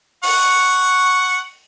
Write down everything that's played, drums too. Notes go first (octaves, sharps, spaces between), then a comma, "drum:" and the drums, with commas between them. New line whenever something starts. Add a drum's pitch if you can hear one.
F#5 C#6, drum: open hi-hat